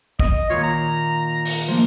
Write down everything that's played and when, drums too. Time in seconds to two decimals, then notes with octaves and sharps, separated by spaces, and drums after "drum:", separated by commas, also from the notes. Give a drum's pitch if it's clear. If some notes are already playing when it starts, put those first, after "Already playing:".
0.19 D#5, drum: kick
0.50 A#2 D#3 F4 C#5
0.63 A#5
1.45 drum: open hi-hat
1.68 F3 A#3 D4